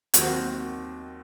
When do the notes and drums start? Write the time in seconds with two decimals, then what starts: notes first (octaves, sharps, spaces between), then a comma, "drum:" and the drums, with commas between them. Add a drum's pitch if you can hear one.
0.14 D#2 D#3 F#3 C4 F#4, drum: hi-hat